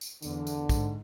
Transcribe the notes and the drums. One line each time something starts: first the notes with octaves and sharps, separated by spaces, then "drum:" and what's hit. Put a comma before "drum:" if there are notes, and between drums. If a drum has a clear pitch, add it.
drum: tambourine
E2 D3, drum: tambourine
drum: tambourine
G#2, drum: kick, tambourine